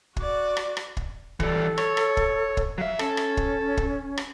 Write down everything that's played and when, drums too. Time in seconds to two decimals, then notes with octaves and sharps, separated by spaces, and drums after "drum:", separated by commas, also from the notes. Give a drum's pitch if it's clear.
0.16 F#4 D5, drum: kick
0.57 drum: rim click
0.77 drum: rim click
0.97 drum: kick
1.40 E3 G3 A4, drum: kick
1.78 C#5, drum: rim click
1.97 drum: rim click
2.17 drum: kick
2.57 drum: kick
2.78 F#3 E5 F5
2.99 C#4 A4, drum: rim click
3.17 drum: rim click
3.37 drum: kick
3.77 drum: kick
4.17 drum: rim click